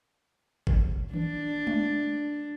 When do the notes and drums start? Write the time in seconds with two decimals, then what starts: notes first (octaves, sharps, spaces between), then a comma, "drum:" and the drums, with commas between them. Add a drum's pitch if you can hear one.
0.67 drum: kick G1
1.13 D4, drum: tom D#3
1.67 drum: tom G#3